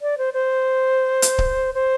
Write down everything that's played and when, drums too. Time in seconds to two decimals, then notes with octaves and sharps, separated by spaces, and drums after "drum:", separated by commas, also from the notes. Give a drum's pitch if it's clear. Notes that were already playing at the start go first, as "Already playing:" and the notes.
0.02 D5
0.18 C5
0.34 C5
1.22 drum: hi-hat
1.38 drum: kick C#1
1.75 C5